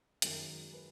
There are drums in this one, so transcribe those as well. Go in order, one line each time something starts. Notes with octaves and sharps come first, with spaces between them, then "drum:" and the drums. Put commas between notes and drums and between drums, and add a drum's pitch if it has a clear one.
F#2 D#3 G#3 A#4, drum: hi-hat
B4